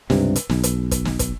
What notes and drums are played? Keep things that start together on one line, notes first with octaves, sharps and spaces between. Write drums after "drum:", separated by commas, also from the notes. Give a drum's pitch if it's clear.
C#2 G2 C3, drum: snare
drum: hi-hat
B1, drum: snare
drum: hi-hat
drum: kick, hi-hat
drum: snare
drum: kick, hi-hat